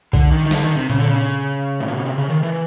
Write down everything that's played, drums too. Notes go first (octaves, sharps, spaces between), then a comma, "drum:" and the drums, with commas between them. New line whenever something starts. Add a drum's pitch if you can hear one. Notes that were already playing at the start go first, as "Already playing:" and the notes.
D3, drum: kick B1
D#3
D#3
D3, drum: snare
D#3
C3
C#3, drum: tom A#2
D3
C#3
A2
A#2
B2
C3
C#3
D#3
E3